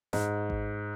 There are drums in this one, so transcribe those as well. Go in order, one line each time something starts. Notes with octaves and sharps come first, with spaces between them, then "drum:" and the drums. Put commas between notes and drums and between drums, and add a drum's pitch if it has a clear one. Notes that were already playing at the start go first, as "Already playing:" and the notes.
G#2, drum: snare
drum: kick G#1